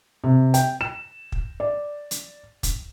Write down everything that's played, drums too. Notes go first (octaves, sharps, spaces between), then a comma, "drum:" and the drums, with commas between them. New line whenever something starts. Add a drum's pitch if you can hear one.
C3
G5, drum: hi-hat
E7
drum: kick
D5
drum: hi-hat
drum: kick, hi-hat